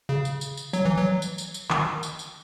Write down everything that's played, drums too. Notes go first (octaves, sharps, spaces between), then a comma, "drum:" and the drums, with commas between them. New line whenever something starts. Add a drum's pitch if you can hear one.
C#3
drum: tambourine
drum: tambourine
drum: tambourine
F#3, drum: tambourine
E3
F#3
drum: tambourine
drum: tambourine
drum: tambourine
D#3, drum: clap
drum: tambourine
drum: tambourine